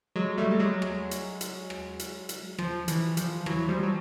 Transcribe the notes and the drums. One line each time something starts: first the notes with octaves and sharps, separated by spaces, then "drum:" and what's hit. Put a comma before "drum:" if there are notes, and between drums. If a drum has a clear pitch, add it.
F#3 G#3
G3 A3
G3
F#3 G#3
drum: rim click
drum: hi-hat
drum: hi-hat
drum: rim click
drum: hi-hat
drum: hi-hat
F3, drum: rim click
E3, drum: hi-hat
F3, drum: hi-hat
E3 F#3, drum: rim click
F3 G3
F#3